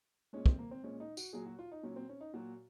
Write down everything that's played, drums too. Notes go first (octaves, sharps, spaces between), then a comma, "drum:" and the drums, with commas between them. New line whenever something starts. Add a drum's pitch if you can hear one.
A#2 G#3 C#4
C4, drum: kick
A#3
C4
A#2 G#3 C#4
D#4
F#4, drum: tambourine
A#2 F#3 G#4
F#4
F4
D#4
A#2 F#3 C#4
C4
C#4
D#4
A#2 F#3 F#4